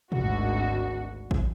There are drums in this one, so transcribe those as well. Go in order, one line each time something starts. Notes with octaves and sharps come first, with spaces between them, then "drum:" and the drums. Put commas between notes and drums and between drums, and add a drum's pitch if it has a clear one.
G#1 D2 F#4, drum: tom A2
drum: kick G#1